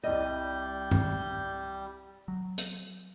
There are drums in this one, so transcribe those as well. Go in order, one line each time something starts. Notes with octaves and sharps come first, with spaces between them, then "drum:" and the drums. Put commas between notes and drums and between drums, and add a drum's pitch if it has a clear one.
C2 G3 D5 D#5 G6
drum: tom
F#3
drum: hi-hat